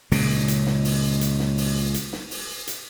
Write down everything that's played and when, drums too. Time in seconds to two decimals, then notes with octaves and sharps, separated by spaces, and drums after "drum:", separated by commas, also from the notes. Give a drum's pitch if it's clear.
0.12 C#2 A#2 C#3, drum: open hi-hat
0.48 drum: hi-hat
0.66 drum: snare
0.85 drum: open hi-hat
1.21 drum: hi-hat
1.40 drum: snare
1.58 drum: open hi-hat
1.94 drum: hi-hat
2.13 drum: snare
2.31 drum: open hi-hat
2.67 drum: hi-hat